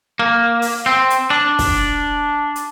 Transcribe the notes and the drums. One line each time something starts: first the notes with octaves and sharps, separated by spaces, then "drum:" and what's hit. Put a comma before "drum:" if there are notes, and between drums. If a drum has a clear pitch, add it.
A#3
drum: open hi-hat
C4
drum: hi-hat
D4
drum: kick, open hi-hat
drum: hi-hat